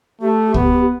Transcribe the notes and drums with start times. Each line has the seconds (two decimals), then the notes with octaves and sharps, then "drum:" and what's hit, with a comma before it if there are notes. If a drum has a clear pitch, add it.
0.22 A3 G4
0.54 B3, drum: kick